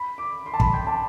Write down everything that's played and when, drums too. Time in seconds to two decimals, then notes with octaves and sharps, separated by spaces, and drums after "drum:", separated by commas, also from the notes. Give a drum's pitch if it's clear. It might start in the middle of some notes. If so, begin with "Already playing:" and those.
Already playing: B5
0.18 D6
0.46 C6
0.54 A5
0.60 B5, drum: kick
0.74 G5
0.87 A5